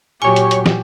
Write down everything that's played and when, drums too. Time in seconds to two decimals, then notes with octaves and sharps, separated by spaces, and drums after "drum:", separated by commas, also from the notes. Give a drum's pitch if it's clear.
0.22 A#2 F#3 G4 C#5 G#5 C#6
0.36 drum: hi-hat
0.51 drum: hi-hat
0.66 drum: snare